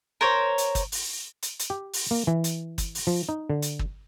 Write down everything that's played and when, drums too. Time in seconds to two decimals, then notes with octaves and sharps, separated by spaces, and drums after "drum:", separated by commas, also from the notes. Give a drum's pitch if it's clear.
0.21 A#4 C5 C#5
0.58 drum: hi-hat
0.75 drum: kick, hi-hat
0.92 drum: open hi-hat
1.43 drum: hi-hat
1.60 drum: hi-hat
1.70 G4
1.93 drum: open hi-hat
2.11 A#3
2.27 E3
2.44 drum: hi-hat
2.78 drum: kick, hi-hat
2.95 drum: open hi-hat
3.07 F3
3.29 D#4
3.50 D3
3.62 drum: hi-hat
3.79 drum: kick